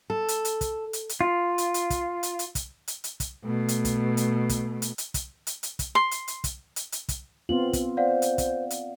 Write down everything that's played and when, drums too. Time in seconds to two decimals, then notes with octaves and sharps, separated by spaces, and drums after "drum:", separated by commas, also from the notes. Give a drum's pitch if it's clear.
0.10 A4
0.28 drum: hi-hat
0.45 drum: hi-hat
0.61 drum: kick, hi-hat
0.93 drum: hi-hat
1.09 drum: hi-hat
1.21 F4
1.58 drum: hi-hat
1.74 drum: hi-hat
1.90 drum: kick, hi-hat
2.23 drum: hi-hat
2.39 drum: hi-hat
2.55 drum: kick, hi-hat
2.88 drum: hi-hat
3.04 drum: hi-hat
3.20 drum: kick, hi-hat
3.44 B2 A3
3.68 drum: hi-hat
3.85 drum: kick, hi-hat
4.17 drum: hi-hat
4.49 drum: kick, hi-hat
4.82 drum: hi-hat
4.98 drum: hi-hat
5.14 drum: kick, hi-hat
5.47 drum: hi-hat
5.63 drum: hi-hat
5.79 drum: kick, hi-hat
5.95 C6
6.11 drum: hi-hat
6.28 drum: hi-hat
6.44 drum: kick, hi-hat
6.76 drum: hi-hat
6.92 drum: hi-hat
7.09 drum: kick, hi-hat
7.49 B3 C4 F4 F#7
7.73 drum: kick, hi-hat
7.97 C5 D5 F5 F#5
8.22 drum: hi-hat
8.38 drum: kick, hi-hat
8.70 drum: hi-hat